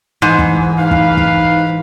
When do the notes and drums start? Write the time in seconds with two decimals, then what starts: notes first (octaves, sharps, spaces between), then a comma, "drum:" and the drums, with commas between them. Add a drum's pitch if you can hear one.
0.22 G#2 E3
0.39 drum: kick
0.78 D#4 B4 F5
0.91 drum: kick
1.17 drum: kick